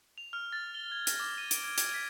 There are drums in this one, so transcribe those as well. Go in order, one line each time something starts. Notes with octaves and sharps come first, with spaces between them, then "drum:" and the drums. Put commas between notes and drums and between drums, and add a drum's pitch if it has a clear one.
F7
F6
A6
G7
G#6
A#6, drum: hi-hat
D6
D#7
D7, drum: hi-hat
G#6
G#6, drum: hi-hat
B6